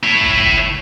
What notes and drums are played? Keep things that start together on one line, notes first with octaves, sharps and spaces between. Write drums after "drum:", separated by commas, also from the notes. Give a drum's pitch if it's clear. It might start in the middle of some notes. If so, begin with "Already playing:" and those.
E4 C#5
drum: kick
drum: kick
drum: tom C3